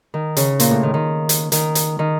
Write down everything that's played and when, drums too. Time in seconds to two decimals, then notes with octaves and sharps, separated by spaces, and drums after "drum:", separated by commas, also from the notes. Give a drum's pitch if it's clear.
0.14 D#3
0.37 C#3, drum: hi-hat
0.60 A#2, drum: hi-hat
0.71 A2
0.83 D#3
0.94 D#3
1.29 drum: hi-hat
1.52 D#3, drum: hi-hat
1.75 drum: hi-hat
1.99 D#3